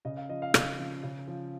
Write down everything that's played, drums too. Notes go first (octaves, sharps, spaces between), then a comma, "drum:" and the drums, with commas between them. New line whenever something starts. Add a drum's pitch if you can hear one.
C#3 D#5
F5
F3 D#5
F5
C#3, drum: rim click
F3
C#3
F3